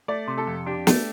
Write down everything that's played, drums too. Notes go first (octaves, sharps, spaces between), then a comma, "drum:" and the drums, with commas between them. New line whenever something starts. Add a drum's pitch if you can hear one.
A3 D5
C3
A4
F2
D4 G4
A3, drum: snare